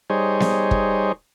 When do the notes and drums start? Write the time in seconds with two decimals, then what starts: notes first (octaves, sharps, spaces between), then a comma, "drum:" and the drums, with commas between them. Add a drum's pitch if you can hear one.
0.10 G3 D#4 G#4 C5 C#5
0.40 drum: snare B3
0.71 drum: kick